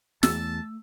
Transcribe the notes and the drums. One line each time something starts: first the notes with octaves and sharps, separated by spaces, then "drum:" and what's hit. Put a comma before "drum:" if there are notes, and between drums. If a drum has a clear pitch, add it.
E2 A3 A5 E6, drum: snare